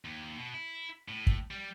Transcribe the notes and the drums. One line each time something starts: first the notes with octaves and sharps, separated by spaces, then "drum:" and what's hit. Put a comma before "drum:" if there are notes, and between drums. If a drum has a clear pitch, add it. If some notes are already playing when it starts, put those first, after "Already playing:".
D#2
B2
E4
A2
drum: kick
G3